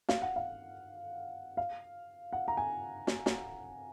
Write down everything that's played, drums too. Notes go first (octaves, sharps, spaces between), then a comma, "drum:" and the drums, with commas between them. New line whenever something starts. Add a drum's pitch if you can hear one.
F5, drum: snare
F#5
F5
F5
F#5
A#5
G#5
drum: snare
drum: snare